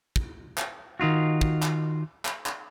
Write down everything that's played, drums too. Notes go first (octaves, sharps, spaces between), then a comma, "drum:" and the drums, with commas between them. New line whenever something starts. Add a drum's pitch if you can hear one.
drum: kick
drum: clap
D#3 D#4 F4 F#4
drum: kick
drum: clap
drum: clap
drum: clap